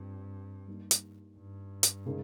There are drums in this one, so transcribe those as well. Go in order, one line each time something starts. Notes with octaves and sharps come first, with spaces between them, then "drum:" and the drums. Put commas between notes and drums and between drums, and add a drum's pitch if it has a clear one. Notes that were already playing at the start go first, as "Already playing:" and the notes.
Already playing: G2 C4 F4
G3 A#3 D#4
drum: hi-hat
G2
drum: hi-hat
C#3 G#3 D#4 A#4